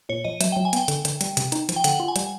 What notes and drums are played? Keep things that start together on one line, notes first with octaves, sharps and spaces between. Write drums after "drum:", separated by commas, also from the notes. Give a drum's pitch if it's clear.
A#2 C#5
F3 D#5
F#3 E5, drum: hi-hat
F#3 G5
G#5
B3 G5, drum: hi-hat
D3, drum: hi-hat
D3, drum: hi-hat
G3, drum: hi-hat
C3, drum: hi-hat
D#4, drum: hi-hat
F3, drum: hi-hat
G5
D3 F#5, drum: hi-hat
F4
G#5
G3, drum: hi-hat